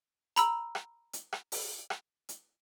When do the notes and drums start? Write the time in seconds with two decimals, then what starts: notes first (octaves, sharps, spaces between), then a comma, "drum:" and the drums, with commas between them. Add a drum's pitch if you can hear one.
0.36 A#5 B5 E6, drum: hi-hat
0.75 drum: rim click
1.13 drum: hi-hat
1.33 drum: rim click
1.52 drum: open hi-hat
1.90 drum: rim click
2.29 drum: hi-hat